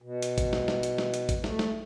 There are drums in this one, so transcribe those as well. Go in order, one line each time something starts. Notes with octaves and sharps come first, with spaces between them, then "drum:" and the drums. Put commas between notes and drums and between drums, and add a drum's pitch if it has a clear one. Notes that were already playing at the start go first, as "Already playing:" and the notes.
B2
drum: hi-hat
drum: kick, hi-hat
drum: snare
drum: snare
drum: hi-hat
drum: snare
drum: hi-hat
drum: kick, hi-hat
A3, drum: snare
drum: snare